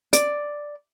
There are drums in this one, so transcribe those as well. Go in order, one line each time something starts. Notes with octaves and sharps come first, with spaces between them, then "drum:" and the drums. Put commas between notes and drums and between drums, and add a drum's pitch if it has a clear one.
D5, drum: hi-hat